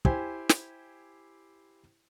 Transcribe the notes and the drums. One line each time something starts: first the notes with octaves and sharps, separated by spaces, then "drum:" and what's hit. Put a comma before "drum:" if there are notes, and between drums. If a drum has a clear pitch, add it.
E4 G4 C5 G#5, drum: kick
drum: snare